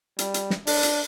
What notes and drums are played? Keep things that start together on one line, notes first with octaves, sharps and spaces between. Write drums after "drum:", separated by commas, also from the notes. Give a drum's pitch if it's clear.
G3, drum: hi-hat
drum: hi-hat
drum: snare
D4, drum: open hi-hat
drum: hi-hat